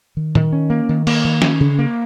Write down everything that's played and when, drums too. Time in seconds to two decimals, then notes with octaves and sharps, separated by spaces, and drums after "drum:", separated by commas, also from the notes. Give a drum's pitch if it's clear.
0.17 D#3
0.35 D#3, drum: tom
0.53 C#4
0.70 A#3
0.89 D#3
1.07 A#3, drum: cymbal
1.24 D#3
1.42 C#4, drum: snare
1.60 C#3
1.79 A#3